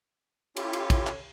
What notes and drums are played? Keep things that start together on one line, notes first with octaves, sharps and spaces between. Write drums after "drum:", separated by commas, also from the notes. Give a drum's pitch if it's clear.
C#4 E4 F4 G4 A4 C#5, drum: cymbal
drum: cymbal
drum: kick, cymbal
drum: clap